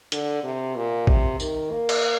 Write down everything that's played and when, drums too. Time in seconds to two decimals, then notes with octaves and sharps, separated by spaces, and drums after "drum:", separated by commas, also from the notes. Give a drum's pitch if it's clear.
0.12 D3, drum: hi-hat
0.43 C3
0.75 A#2
1.07 C3, drum: kick G#1
1.40 D#3, drum: tambourine
1.71 A#3
1.89 drum: cymbal